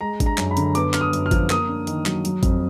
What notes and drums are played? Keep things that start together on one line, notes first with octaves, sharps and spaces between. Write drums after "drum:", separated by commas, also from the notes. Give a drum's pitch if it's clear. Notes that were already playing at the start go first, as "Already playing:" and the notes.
G#3 A#5
D4, drum: kick G#1, hi-hat
A#5
F#2, drum: clap
B5
D3, drum: hi-hat
B3 D6, drum: hi-hat
D4 F6, drum: clap
D#6
F#2, drum: hi-hat
F6
F3, drum: kick G#1, hi-hat
A#3 D#6, drum: clap
D4
D#3, drum: hi-hat
F#3, drum: clap
F#3, drum: hi-hat
F2, drum: kick G#1, hi-hat